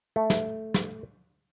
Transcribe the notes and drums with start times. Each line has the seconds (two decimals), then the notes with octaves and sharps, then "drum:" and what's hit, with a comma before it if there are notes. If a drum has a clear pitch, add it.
0.16 A3
0.30 drum: snare
0.74 drum: snare